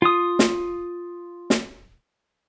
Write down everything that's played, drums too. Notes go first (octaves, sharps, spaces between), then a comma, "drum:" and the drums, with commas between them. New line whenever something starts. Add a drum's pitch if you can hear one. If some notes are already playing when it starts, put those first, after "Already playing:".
F4 D#6
drum: snare
drum: snare